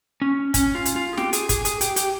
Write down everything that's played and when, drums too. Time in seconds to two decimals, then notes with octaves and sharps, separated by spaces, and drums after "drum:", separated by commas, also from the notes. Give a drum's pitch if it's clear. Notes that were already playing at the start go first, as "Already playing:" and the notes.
0.22 C#4
0.54 C#4, drum: kick, hi-hat
0.75 F4
0.85 drum: hi-hat
0.96 F4
1.13 G#4
1.17 G4, drum: snare
1.33 G#4, drum: hi-hat
1.49 G#4, drum: kick, hi-hat
1.65 G#4, drum: hi-hat
1.81 G4, drum: hi-hat
1.96 G4, drum: hi-hat